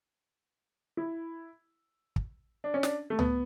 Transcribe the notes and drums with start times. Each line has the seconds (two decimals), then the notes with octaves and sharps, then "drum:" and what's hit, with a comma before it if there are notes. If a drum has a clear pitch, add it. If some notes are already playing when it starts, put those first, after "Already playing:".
0.97 E4
2.16 drum: kick
2.64 D4
2.74 C#4
2.83 D4, drum: snare
3.10 A3
3.19 B3, drum: tom C#2